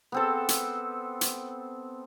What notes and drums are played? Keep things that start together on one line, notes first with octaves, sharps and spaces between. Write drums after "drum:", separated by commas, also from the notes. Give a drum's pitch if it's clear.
B3 C4 A4
drum: hi-hat
drum: hi-hat